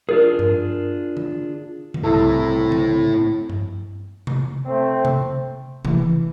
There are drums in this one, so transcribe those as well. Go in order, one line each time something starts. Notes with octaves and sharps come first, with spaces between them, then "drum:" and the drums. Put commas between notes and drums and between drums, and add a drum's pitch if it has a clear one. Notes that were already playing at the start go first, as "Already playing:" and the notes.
D4 F4 G#4 A#4
drum: tom G2
drum: tom D3
drum: tom C#3
C2 A2 C4 E4 A4
drum: tom C#3
drum: tom G2
drum: tom C3
A3 C4
drum: tom C3
E3, drum: tom C3